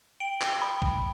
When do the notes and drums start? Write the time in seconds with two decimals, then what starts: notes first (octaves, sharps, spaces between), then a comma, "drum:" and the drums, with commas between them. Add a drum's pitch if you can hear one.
0.20 G5 D7
0.41 drum: clap
0.62 B5
0.82 drum: kick B1